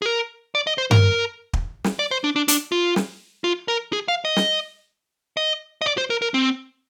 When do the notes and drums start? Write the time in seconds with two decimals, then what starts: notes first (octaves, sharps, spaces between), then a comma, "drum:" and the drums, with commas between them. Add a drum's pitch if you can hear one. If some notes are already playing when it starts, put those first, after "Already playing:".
0.02 G#4
0.06 A#4
0.55 D5
0.67 D#5
0.78 C5
0.91 A#4, drum: tom G2
1.53 drum: kick
1.84 drum: snare
1.99 D5
2.11 C5
2.24 D4
2.36 D4
2.48 D4, drum: hi-hat
2.72 F4
2.96 drum: snare
3.44 F4
3.68 A#4
3.93 G#4
4.08 F5
4.25 D#5
4.36 drum: snare
5.37 D#5
5.82 D#5
5.86 D5
5.98 C5
6.10 A#4
6.22 A#4
6.34 C4